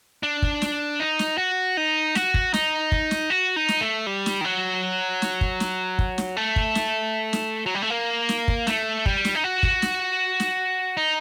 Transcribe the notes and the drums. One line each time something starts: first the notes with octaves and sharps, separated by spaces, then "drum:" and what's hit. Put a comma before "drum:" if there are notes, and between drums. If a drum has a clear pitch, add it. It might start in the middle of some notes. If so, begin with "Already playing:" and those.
D4
drum: kick
drum: snare
D#4
drum: snare
F#4
D#4
F#4, drum: snare
drum: kick
D#4, drum: snare
drum: kick
drum: snare
F#4
D#4
drum: snare
A3
G3
drum: snare
D#3
F#3
drum: snare
drum: kick
drum: snare
drum: kick
drum: snare
A3
drum: kick
drum: snare
drum: snare
F#3
G3
A3
A#3
drum: snare
drum: kick
A3, drum: snare
G3, drum: kick
drum: snare
D#4
F#4
drum: kick
drum: snare
drum: snare
D#4